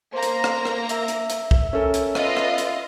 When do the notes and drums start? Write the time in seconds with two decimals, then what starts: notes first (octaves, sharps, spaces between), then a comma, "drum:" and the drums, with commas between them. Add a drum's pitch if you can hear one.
0.13 A#3 C5 A#5
0.23 drum: hi-hat
0.44 drum: rim click
0.65 drum: rim click
0.89 E5, drum: hi-hat
1.08 drum: hi-hat
1.30 drum: hi-hat
1.51 drum: kick
1.73 C#4 A4 A#4 E5
1.94 drum: hi-hat
2.15 F4 B4 D#5, drum: rim click
2.37 drum: rim click
2.58 drum: hi-hat